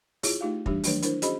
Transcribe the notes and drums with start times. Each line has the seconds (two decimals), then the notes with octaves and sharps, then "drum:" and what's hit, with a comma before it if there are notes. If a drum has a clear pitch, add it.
0.23 E4 F4 G#4 C#5, drum: open hi-hat
0.41 A3 D#4 F4 G4 F5
0.66 E3 G3 D4 G4, drum: kick
0.84 D#3 F#3 A3 D4 B4 C#5, drum: open hi-hat
1.02 D4 E4 A#4 C5, drum: hi-hat
1.22 C#4 F#4 G#4 C5 D#5 B5, drum: hi-hat